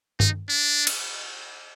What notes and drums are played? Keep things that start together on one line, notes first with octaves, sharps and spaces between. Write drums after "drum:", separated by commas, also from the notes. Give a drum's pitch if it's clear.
D#4, drum: tom G2
D4
drum: cymbal